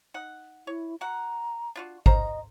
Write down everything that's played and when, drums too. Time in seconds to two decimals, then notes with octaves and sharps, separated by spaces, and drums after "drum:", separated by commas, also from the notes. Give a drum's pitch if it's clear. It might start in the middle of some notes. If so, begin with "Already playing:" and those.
0.14 D#4 F#5
0.67 E4 C#5
1.01 F#4 F#5 A#5
1.76 D4 F4 F#4
2.06 C5 D#5 F5 A#5, drum: kick G#1